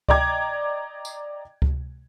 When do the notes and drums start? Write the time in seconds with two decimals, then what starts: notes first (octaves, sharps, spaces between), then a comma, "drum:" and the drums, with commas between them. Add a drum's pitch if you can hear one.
0.09 D5 D#5 G5 A#5 D6 G#6, drum: kick C#2
1.05 drum: tambourine
1.62 drum: kick C#2